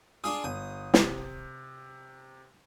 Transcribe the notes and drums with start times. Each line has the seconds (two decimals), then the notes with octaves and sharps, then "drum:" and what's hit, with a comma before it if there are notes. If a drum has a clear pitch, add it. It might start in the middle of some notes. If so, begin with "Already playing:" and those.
0.24 D4 F4 G#4 D#6
0.44 G1 D#6
0.94 C3, drum: snare